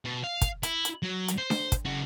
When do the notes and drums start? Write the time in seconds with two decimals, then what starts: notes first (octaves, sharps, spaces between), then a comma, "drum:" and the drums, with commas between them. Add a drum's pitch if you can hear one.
0.05 B2
0.24 F5
0.41 drum: kick, hi-hat
0.63 E4, drum: hi-hat
0.85 drum: hi-hat
1.03 F#3
1.28 drum: hi-hat
1.38 C5
1.50 drum: snare D4
1.72 drum: kick, hi-hat
1.86 C#3 F#4